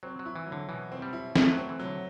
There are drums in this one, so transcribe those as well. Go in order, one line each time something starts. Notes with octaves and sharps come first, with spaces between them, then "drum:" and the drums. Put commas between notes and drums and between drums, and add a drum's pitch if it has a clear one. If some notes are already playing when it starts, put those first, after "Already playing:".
F#3 C4
F#3
E4
E3
F#3
D3
B2 E3
C4
G3
E4
G3 A3, drum: snare
F#3
C4
E3
F#3
D3